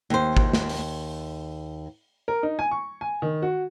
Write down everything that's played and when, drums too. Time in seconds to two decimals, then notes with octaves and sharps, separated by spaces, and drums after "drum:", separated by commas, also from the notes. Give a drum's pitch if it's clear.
0.10 D#2 C5
0.37 drum: kick G#1
0.53 drum: snare
0.69 drum: open hi-hat
2.28 A#4
2.43 D#4
2.59 G#5
2.71 C#6
3.01 G#5
3.22 D#3
3.42 F#4